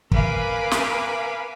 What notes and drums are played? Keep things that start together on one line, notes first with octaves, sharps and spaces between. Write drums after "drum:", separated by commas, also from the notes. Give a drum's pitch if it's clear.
A#4 B4 F5 G#5 B5 D6, drum: kick
drum: snare